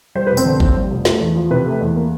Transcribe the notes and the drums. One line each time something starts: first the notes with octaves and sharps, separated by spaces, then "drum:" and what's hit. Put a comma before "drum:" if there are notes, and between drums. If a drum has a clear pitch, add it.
G3 C5
F1 B4
C4 C5, drum: tambourine
D3
D#2, drum: kick A1
G3
F1
A3, drum: snare
E2
F3
C3 B4
A3
E2
A#3